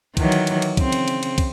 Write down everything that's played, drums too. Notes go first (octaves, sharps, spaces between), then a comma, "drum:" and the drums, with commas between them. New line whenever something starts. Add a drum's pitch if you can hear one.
D#3 E3 F#3, drum: kick, cymbal
drum: cymbal
drum: cymbal
drum: cymbal
C#3 C4, drum: kick, cymbal
drum: cymbal
drum: cymbal
drum: cymbal
drum: kick, cymbal